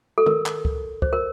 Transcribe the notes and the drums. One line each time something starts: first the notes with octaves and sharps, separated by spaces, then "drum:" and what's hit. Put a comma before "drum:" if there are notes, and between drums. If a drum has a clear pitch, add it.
A4
A#4, drum: tom
drum: clap
drum: kick
C5, drum: kick
A#4